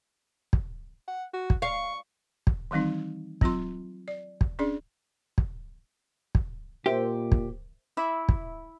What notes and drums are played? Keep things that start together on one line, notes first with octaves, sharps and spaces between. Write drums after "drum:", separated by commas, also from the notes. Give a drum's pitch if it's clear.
drum: kick
F#5
F#4
drum: kick
F5 C#6
drum: kick
D#3 E3 G3 C4 D#4
F#3 C4 F4 C6, drum: kick
D5
drum: kick
C#4 D4 G#4 D5
drum: kick
drum: kick
A#2 G4 A#4 C5 E5
drum: kick
E4 E5 B5 D6
drum: kick